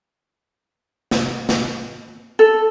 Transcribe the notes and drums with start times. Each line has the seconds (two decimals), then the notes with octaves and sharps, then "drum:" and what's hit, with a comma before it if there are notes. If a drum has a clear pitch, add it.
1.11 drum: snare
1.49 drum: snare
2.39 A4